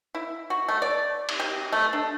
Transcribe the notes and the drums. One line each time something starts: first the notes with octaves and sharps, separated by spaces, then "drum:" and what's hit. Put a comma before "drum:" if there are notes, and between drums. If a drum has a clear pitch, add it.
E4
F#4
A3
D5
drum: cymbal
G4
A3
D4